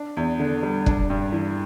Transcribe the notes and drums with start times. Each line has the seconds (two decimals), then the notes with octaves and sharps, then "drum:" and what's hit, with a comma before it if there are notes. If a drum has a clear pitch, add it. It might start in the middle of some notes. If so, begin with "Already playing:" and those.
Already playing: D4
0.17 E2
0.40 D3
0.63 G3
0.86 D4, drum: kick
1.10 G2
1.32 E3